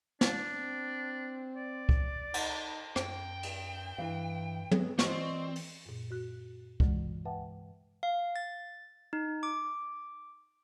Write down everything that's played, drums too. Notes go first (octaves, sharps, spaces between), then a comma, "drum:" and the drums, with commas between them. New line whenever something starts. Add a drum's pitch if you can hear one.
D4, drum: snare
C4
D5
drum: kick
D#4, drum: cymbal
F#2 G5, drum: rim click
drum: cymbal
G2 E3 F5
F#3 G#3 B3 C4, drum: tom
E3 C4 F4 C5 D5 D#5 C#6, drum: snare
drum: open hi-hat
F#2 A#2
F#4 F#6
G2 C3 E3 G#3, drum: kick
B4 E5 F#5 G5 A5
F5
A6
D#4
D6